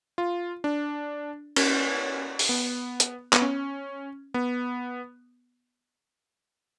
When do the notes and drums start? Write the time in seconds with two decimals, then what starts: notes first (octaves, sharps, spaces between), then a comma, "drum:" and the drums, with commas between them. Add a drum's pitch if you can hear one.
0.18 F4
0.64 D4
1.56 C#4, drum: cymbal
2.39 drum: open hi-hat
2.49 B3
3.00 drum: hi-hat
3.33 B3, drum: clap
3.42 C#4
4.34 B3